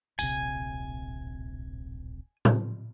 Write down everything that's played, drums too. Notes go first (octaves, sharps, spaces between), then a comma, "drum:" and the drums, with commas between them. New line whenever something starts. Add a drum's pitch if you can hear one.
D1 A#1 C3 G#5, drum: tambourine
drum: tom A2